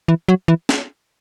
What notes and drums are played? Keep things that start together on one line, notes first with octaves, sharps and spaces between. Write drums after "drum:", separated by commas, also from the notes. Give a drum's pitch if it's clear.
E3
F#3
E3
drum: snare